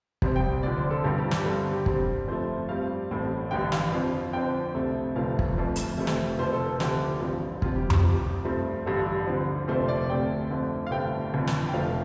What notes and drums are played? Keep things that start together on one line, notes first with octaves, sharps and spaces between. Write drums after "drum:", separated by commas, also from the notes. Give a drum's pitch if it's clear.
C2 C3 G3 C4 C5, drum: kick
G5
D2 D3 F3 D5
C5
A4
G1 G2 G3 C4 G4
G4
G4, drum: snare
G2 D3 G3 C4 A4
G4
G2 G3 C4, drum: kick
F2 F3 A3 C5
G2 G3 C4 F5
A1 A2 A3 C4
A1 G2 D3 G5
F5, drum: snare
F2 F3 C4
F2 D3 F3 C4 G5
C2 C3 A3 C4
G1 F2 F3 A3 C4 F5
drum: kick
F2 F3 A3
drum: hi-hat
F1 F2 C3 A3 C4
drum: snare
F1 F2 F3 C5
A4
C5
D2 D3 F3 A3 C4 G4, drum: snare
A1 G2 F3 C4
D2 C3 G3 F4, drum: kick
G4
G4, drum: tom F2
C2 C3 F3 G4
G2 F3 A3 C4
A1 G2 D3 G3 A4
D2 D3 F3 C4
F1 F2 C3 A3 C4 C5
D5
D2 C3 A3 C4 G5
F2 D3 A3 C4
F5
G1 G2 D3 A3 C4 G5
G1 F2 D3
drum: snare
G5
F1 F2 F3 A3 F5